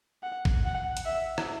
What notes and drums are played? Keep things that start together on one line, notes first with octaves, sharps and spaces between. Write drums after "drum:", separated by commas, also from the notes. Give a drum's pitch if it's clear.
F#5
drum: kick
F#5
drum: hi-hat
E5
drum: rim click